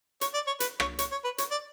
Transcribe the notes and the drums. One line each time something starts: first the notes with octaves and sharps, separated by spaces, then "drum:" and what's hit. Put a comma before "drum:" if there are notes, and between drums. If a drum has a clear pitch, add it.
C#5, drum: hi-hat
D5
C#5
B4, drum: hi-hat
C#5, drum: rim click
C#5, drum: hi-hat
C#5
B4
C#5, drum: hi-hat
D5